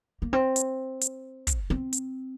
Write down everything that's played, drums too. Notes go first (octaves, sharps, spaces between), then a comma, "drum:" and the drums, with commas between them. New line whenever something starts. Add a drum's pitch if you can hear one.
A#3
C4
drum: hi-hat
drum: hi-hat
drum: kick, hi-hat
C4
drum: hi-hat